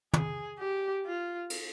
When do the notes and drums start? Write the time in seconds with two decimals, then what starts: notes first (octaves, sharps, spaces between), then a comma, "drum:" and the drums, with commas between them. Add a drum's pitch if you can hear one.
0.14 G#4, drum: tom
0.59 G4
1.06 F4
1.50 drum: cymbal